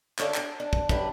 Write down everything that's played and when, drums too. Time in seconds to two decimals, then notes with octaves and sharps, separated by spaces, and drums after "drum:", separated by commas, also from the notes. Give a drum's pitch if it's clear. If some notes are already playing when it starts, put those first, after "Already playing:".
0.18 D2 C#4 A4 D5 F5, drum: clap
0.34 D4 G#4, drum: clap
0.60 D4
0.73 drum: kick
0.89 F#2 D4 G4 B4, drum: kick